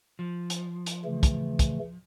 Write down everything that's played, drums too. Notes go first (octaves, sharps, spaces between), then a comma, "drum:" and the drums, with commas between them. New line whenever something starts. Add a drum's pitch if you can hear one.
F3
drum: hi-hat
drum: hi-hat
C#3 E3 A3
drum: kick, hi-hat
drum: kick, hi-hat